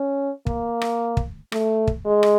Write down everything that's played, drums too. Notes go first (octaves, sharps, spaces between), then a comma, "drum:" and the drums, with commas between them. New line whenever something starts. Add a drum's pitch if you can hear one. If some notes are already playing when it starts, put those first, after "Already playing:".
Already playing: C#4
A#3, drum: kick
drum: rim click
drum: kick
A3, drum: rim click
drum: kick
G#3
drum: rim click